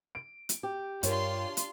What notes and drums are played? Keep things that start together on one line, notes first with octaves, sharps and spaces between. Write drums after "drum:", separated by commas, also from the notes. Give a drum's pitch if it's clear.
D7
drum: hi-hat
G4
G2 D4 F4 A#4 C#5 C6, drum: hi-hat
drum: hi-hat